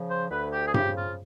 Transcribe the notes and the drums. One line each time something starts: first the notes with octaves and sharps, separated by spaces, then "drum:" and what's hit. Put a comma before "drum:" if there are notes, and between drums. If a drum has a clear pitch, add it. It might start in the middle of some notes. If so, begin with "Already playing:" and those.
Already playing: C#3 F3
C5
D2 B4
G4
G#4
C#3 F3 G4, drum: tom G2
F4